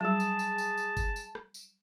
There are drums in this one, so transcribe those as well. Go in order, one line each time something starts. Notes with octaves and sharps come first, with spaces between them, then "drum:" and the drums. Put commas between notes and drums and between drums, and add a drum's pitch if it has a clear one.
F#3 G3 G#4 A5
drum: tambourine
drum: tambourine
drum: tambourine
drum: tambourine
drum: kick G1, tambourine
drum: tambourine
drum: rim click
drum: tambourine